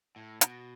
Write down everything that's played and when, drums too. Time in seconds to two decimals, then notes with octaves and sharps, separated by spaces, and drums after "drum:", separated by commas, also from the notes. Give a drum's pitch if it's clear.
0.16 A2
0.41 B2, drum: hi-hat